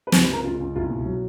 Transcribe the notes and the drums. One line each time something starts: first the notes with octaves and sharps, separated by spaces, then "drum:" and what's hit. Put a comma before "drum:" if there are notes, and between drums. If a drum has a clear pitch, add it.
B4
C#2 C5, drum: snare
B4
C3 A#4
C#2 F4
C#2
C2 F4
B2
F#3